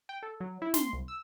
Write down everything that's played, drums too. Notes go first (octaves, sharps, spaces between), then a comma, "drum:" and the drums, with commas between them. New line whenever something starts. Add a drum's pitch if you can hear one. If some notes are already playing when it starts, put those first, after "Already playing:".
G5
A4
F#3
E4
C6, drum: snare
C2
E6